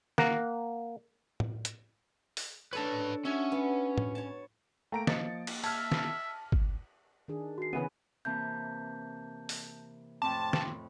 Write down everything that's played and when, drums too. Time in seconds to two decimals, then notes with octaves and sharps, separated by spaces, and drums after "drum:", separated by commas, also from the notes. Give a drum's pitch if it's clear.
0.18 A#3 F#5 A#5, drum: snare
1.40 drum: tom A2
1.65 drum: hi-hat
2.37 drum: open hi-hat
2.73 D4 A4 B4 C#5 A5
3.25 C#4 F#4 E5
3.52 B3
3.98 drum: tom A2
4.15 C#5 A5
4.92 A3 A#3 G5 A#5 D7
5.07 F3 A#3 D#5 A6 C#7, drum: snare
5.47 drum: cymbal
5.64 E5 A5 F6 G#6, drum: open hi-hat
5.92 drum: snare
6.52 drum: kick
7.28 D#3 D4 G#4
7.58 F#4 C7
7.73 C#3 E3 B3 C#4 G#4 B4 D#7
8.25 C3 E3 A#3 A5 G6
9.49 drum: open hi-hat
10.22 F2 A2 C4 G5 A5 C6 D6
10.53 drum: snare